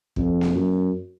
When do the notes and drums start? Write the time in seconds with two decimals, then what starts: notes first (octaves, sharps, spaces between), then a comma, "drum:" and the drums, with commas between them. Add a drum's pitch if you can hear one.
0.16 F2, drum: kick
0.41 drum: snare A#3
0.54 F#2